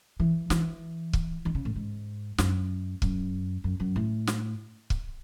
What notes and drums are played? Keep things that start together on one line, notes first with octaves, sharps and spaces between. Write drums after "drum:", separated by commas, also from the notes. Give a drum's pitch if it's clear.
E3
E3, drum: snare
drum: kick
D#3
C#3
A2
G#2
F#2, drum: snare
F#2, drum: kick
F#2
F#2
A2
drum: snare
drum: kick